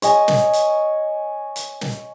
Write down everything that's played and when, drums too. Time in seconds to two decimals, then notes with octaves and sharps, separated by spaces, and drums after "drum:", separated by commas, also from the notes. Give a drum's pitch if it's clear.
0.02 C#5 D#5 G#5, drum: hi-hat
0.28 drum: snare
0.53 drum: hi-hat
1.56 drum: hi-hat
1.81 drum: snare